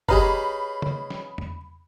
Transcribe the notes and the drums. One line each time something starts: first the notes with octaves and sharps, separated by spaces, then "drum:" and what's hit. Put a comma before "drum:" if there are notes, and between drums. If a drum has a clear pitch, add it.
G4 G#4 B4 C#5 D#5 F5 A#5 B5, drum: kick F#1
drum: tom
drum: snare
drum: tom E2